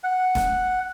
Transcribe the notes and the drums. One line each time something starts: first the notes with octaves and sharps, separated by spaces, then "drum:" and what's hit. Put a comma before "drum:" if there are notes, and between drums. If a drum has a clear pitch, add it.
F#5
drum: snare